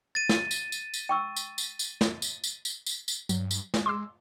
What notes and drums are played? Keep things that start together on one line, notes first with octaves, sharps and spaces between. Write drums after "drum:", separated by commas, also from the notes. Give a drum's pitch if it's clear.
A6 D#7
drum: snare
drum: tambourine
drum: tambourine
drum: tambourine
G5 C#6 E6
drum: tambourine
drum: tambourine
drum: tambourine
drum: snare
drum: tambourine
drum: tambourine
drum: tambourine
drum: tambourine
drum: tambourine
G2 F#3, drum: tambourine
drum: tambourine
G#3, drum: snare
C6 D6 E6